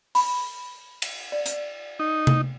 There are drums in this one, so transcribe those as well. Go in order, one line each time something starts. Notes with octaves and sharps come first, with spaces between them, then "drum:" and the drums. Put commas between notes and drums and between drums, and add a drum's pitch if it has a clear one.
B5, drum: open hi-hat
drum: cymbal
D5
drum: hi-hat
D#4
drum: tom C3